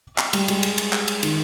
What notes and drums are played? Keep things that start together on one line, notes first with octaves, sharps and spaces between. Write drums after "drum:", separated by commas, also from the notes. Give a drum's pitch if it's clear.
drum: clap
G3, drum: cymbal
G#3, drum: cymbal
drum: cymbal
drum: cymbal
drum: clap
drum: cymbal
D#3, drum: cymbal